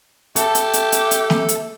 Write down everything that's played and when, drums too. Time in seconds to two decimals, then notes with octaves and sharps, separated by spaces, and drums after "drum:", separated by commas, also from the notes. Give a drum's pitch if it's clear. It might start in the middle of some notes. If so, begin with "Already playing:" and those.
0.36 G4 A4 E5 A5, drum: hi-hat
0.55 drum: hi-hat
0.73 drum: hi-hat
0.92 drum: hi-hat
1.11 drum: hi-hat
1.30 drum: snare
1.49 drum: hi-hat